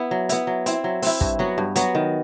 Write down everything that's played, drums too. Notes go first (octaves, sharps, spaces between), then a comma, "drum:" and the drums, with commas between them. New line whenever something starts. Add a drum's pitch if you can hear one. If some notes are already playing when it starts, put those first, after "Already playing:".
Already playing: B3 E4
F#3
B3 E4, drum: hi-hat
F#3
C4 E4, drum: hi-hat
F#3
C4 E4, drum: open hi-hat
G2, drum: kick
F#3 B3 F#4
G2
F#3 B3 F#4, drum: hi-hat
D#3